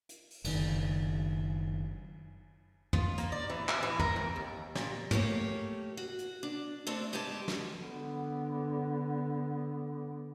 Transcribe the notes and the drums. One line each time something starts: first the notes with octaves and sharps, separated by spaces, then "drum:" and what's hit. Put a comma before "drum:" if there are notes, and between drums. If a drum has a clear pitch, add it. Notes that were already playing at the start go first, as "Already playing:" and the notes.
drum: hi-hat
drum: open hi-hat
F#1 D#3, drum: cymbal
F4, drum: tom
A#3, drum: hi-hat
D5
E3
E5, drum: clap
E3
A#4, drum: tom
F2
D#2
A#2, drum: snare
A3 A#3 G4 C#5, drum: tom
F#4
drum: hi-hat
D4
A3 C4 D4 A4
G#2 G#3 B3 G4 D5 A5
drum: snare
D3 B3